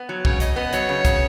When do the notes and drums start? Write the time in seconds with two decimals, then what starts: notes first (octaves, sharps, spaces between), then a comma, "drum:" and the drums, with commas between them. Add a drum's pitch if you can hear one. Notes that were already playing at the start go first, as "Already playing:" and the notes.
Already playing: B3
0.09 F#3
0.25 C#3 C#5, drum: kick
0.40 C#3 D#5, drum: hi-hat
0.56 B3 D#5
0.73 F#3 C#5, drum: hi-hat
0.89 C#3
1.05 C#3, drum: kick, hi-hat